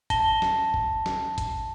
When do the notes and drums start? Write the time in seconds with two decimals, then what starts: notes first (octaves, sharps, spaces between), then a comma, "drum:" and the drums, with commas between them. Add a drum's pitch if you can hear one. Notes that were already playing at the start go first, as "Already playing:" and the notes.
0.10 A5 A#6 G7, drum: kick, hi-hat
0.42 drum: snare
0.74 drum: kick
1.06 drum: snare
1.38 drum: kick, hi-hat